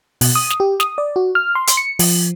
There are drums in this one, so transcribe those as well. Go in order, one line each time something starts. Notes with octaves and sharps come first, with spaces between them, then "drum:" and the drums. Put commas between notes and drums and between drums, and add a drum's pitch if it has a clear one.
B2, drum: open hi-hat
D#6
drum: snare
G4
D#6, drum: snare
D5
F#4
F6
C6
drum: hi-hat
C#7
F3, drum: open hi-hat